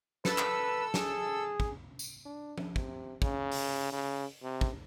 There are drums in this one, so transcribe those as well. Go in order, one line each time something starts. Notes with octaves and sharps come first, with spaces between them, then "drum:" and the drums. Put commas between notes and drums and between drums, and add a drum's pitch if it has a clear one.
A4 B4 E6, drum: snare
drum: clap
G#4, drum: snare
drum: kick
drum: tambourine
D4
drum: tom F3
C3, drum: kick
C#3, drum: kick
drum: open hi-hat
C#3
C3
drum: kick